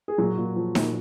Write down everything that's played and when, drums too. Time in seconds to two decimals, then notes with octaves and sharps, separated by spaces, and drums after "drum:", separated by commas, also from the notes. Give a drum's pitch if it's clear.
0.08 G#4
0.18 A#2 F#3 F#4
0.37 A#2
0.56 F3
0.75 A#2, drum: snare D#4